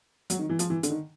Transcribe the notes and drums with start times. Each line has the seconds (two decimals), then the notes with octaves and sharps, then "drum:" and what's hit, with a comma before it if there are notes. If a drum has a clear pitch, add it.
0.30 F#3, drum: hi-hat
0.39 D#3
0.49 E3
0.59 F3, drum: hi-hat
0.70 E3
0.83 D3, drum: hi-hat
0.90 D#3